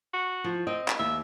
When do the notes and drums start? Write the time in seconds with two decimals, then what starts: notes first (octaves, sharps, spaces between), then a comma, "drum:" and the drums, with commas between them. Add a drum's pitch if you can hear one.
0.14 F#4
0.44 F3
0.67 C4 D#5
0.88 drum: clap
0.99 D#2 E5